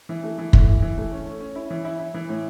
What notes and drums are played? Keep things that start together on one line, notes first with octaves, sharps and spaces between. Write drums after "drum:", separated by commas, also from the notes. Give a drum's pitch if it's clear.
E3
A3
E3
E3, drum: kick
E3
E3
A3
C#4
C#4
C#4
E4
E3
E4
E4
E3
A2